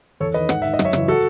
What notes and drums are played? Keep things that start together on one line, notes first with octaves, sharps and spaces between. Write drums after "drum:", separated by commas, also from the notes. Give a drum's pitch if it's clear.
E2 A4 C#5
D#3 B4 D#5
G#2 F#5, drum: rim click
D#3 E5
D#5
F#2, drum: rim click
C#5 E5
C#3 E3, drum: rim click
F#4 A4